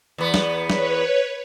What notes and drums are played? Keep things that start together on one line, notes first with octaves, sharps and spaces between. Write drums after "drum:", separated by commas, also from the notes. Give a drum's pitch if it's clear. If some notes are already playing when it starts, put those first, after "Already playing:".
E2 B3
drum: snare
B4 C#5, drum: snare